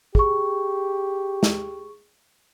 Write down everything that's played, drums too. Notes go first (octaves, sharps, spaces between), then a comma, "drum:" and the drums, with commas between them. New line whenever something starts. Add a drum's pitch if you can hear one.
G4 G#4 C#6, drum: kick
drum: snare